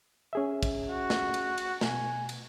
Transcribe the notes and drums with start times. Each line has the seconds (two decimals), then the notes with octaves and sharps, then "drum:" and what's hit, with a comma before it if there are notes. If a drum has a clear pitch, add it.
0.33 C#4 G#4 E5
0.63 drum: kick, cymbal
0.90 F#4
1.10 drum: snare
1.34 drum: cymbal
1.58 drum: cymbal
1.81 B2 G#5, drum: snare
2.29 drum: cymbal